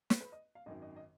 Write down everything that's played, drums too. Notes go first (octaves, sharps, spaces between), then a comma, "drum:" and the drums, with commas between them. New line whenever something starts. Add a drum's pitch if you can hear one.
B4, drum: snare
B4
D#5
F5
G#1 F#2 D#3 D#5
D#5
D#5